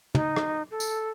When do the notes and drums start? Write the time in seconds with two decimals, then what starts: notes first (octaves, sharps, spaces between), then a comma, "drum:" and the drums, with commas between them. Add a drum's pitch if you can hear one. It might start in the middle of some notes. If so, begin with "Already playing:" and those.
0.15 D#4, drum: tom
0.36 drum: rim click
0.71 A4
0.80 drum: tambourine